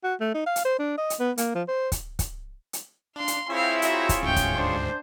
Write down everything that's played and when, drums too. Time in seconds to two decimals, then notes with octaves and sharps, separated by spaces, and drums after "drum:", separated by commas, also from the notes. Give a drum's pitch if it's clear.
0.04 F#4
0.20 A3
0.34 D#4
0.46 F5
0.56 drum: hi-hat
0.65 C5
0.79 D4
0.98 D#5
1.10 drum: hi-hat
1.20 B3
1.38 A#3, drum: hi-hat
1.55 F3
1.68 C5
1.92 drum: kick, hi-hat
2.19 drum: kick, hi-hat
2.73 drum: hi-hat
3.16 D4 F5 C6
3.28 drum: hi-hat
3.50 C4 E4 F4 G#4 C5 C#5 E5 F5
3.82 F#4 E5 A#5, drum: hi-hat
4.09 drum: kick, hi-hat
4.22 D2 G#2 C#4 G5
4.36 drum: kick, hi-hat
4.55 D4 C5